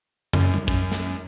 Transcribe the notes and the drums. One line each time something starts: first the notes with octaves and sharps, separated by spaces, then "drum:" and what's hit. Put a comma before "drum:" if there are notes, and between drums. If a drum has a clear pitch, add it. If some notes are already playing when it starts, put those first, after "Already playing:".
F#2, drum: tom
drum: tom G3
F#2, drum: kick
drum: snare